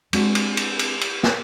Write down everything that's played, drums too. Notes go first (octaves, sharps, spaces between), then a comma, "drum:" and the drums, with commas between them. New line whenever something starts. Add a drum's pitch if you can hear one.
G#3 C4 D4 F#4, drum: cymbal
drum: cymbal
drum: cymbal
drum: cymbal
drum: cymbal
drum: snare